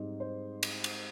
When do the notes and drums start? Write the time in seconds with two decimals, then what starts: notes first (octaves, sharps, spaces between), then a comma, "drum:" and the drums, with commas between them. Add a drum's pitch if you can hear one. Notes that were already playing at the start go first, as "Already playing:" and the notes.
Already playing: G#2 G3 C4 D#4
0.20 C5
0.63 drum: cymbal
0.84 drum: cymbal